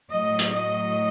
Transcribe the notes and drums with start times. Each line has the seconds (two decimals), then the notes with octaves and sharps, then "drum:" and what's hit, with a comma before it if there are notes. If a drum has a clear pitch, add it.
0.10 A2 F#3 D#5
0.39 drum: hi-hat
0.51 D#5